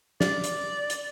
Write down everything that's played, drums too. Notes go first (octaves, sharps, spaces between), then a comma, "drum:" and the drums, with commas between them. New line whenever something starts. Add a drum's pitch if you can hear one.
D5, drum: snare
drum: hi-hat
drum: hi-hat